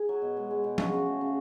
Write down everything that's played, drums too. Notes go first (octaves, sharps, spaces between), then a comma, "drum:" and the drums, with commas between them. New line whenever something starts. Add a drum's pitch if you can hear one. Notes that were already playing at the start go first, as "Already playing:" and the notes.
Already playing: G#4
F#3
B2
G#3
G#3
B2
C#3 F#4, drum: tom F#3
C#3
A3
C#3